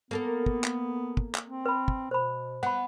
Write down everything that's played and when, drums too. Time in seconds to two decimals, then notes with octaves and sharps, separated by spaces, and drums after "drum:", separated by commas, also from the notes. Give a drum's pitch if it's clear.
0.11 A#3 B3 A4 A#4
0.46 drum: kick
0.64 drum: clap
1.17 drum: kick
1.35 drum: clap
1.45 C4
1.66 B4 B5
1.88 drum: kick
2.11 B2 C5 B5
2.63 B3 F#5 B5